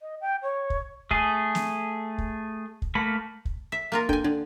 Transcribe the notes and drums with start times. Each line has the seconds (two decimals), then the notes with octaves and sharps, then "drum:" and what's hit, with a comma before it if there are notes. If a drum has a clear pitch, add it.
0.01 D#5
0.21 G5
0.43 C#5
0.70 drum: kick
1.11 A3 G#4, drum: kick
1.55 drum: snare
2.18 drum: kick
2.82 drum: kick
2.95 A3 A#3 B5
3.45 drum: kick
3.72 E5
3.92 A#3 F4 A#4
4.09 D4 A4 G5 G#5, drum: kick
4.24 D3 D4